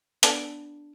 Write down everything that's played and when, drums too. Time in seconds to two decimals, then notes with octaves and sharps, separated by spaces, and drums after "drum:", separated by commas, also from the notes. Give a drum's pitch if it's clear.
0.23 B3 D4 A4, drum: hi-hat